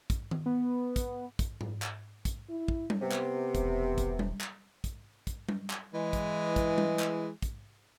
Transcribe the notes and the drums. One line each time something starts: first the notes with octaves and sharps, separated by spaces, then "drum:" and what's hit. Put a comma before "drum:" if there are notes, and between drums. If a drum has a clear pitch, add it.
drum: kick, hi-hat
drum: tom D#3
B3
drum: kick, hi-hat
drum: kick, hi-hat
drum: tom G#2
drum: clap
drum: kick, hi-hat
E4
drum: kick
drum: tom G3
C3 B3
drum: clap
E1, drum: kick, hi-hat
drum: kick, hi-hat
drum: tom G3
drum: clap
drum: kick, hi-hat
drum: kick, hi-hat
drum: tom G3
drum: clap
E3 G#3
drum: kick, hi-hat
drum: kick, hi-hat
drum: tom G3
drum: clap
drum: kick, hi-hat